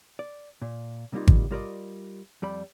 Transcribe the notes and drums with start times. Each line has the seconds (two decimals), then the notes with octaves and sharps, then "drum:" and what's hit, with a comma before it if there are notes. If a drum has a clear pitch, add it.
0.19 D5
0.62 A#2
1.12 C3 G3 A#3 D#4 F4
1.28 drum: kick G#1
1.51 G3 F4 A#4 C5 D5 D#5
2.42 F2 G3 D5 B5